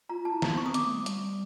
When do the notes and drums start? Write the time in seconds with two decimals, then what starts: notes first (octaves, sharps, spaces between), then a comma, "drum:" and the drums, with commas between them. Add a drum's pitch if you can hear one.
0.09 F4 A#5
0.20 F4
0.25 A5
0.31 E4
0.42 A#5, drum: snare
0.50 C6
0.53 B3 C#6
0.63 C4 D#6
0.74 B3 D6, drum: hi-hat
0.85 A3
0.95 G3
1.06 drum: hi-hat